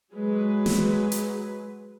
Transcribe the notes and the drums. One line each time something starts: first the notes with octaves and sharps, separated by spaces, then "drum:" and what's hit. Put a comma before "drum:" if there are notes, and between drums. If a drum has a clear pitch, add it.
F#3 G#3 G#4 B4
drum: snare
drum: hi-hat